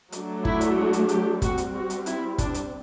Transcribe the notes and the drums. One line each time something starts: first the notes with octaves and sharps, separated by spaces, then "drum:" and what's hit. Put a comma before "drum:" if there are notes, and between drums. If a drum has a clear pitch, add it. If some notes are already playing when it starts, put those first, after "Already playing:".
F#3 A3 D4, drum: hi-hat
E4, drum: kick
drum: hi-hat
F#4
drum: hi-hat
G4, drum: hi-hat
G3 C4 F#4, drum: kick, hi-hat
drum: hi-hat
F#4
drum: hi-hat
E4, drum: hi-hat
D4, drum: kick, hi-hat
drum: hi-hat